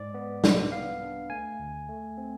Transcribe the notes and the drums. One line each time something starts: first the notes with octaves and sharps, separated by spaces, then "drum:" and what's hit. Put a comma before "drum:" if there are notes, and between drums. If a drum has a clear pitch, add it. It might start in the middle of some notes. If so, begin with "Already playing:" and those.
Already playing: G#2 D5
B3
C2, drum: snare
B3 F5
D4
A3 G#5
D2
A3
C4